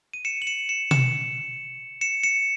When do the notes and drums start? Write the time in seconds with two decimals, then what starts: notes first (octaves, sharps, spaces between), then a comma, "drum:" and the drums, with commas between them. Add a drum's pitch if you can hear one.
0.14 D#7
0.25 C#7 E7
0.42 F#7
0.47 C#7 E7
0.69 C#7 E7
0.91 C#7 E7, drum: tom B2
2.01 C#7 E7
2.23 C#7 E7